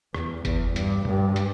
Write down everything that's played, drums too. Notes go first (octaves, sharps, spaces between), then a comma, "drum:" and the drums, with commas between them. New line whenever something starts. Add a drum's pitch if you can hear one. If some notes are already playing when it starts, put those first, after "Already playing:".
E2, drum: rim click
E2, drum: kick, hi-hat
G2, drum: hi-hat
G2, drum: tom A#2
drum: hi-hat